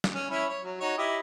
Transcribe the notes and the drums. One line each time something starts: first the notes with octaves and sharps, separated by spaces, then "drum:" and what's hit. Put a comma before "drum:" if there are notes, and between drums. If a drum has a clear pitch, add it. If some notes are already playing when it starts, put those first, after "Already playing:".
drum: snare
C#4
C#4 E4 C#5
C#5
F#3
D#4 F#4 C#5
E4 G4 D#5